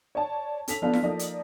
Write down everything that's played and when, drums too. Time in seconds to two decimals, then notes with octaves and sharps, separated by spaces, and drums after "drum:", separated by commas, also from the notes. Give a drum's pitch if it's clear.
0.15 C#5 D5 A5
0.68 C#4 A4 B6 F7, drum: hi-hat
0.82 F3 B3 D4 F4 A4
0.93 drum: snare E4
1.03 F3 A#3 D#4 A4 D5 D#5
1.19 drum: hi-hat